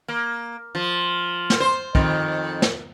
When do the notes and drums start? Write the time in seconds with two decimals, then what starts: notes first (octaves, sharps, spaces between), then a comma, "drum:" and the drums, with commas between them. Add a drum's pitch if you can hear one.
0.08 A#3
0.75 F3
1.50 drum: snare
1.60 C5
1.95 F2 D#3, drum: kick
2.62 drum: snare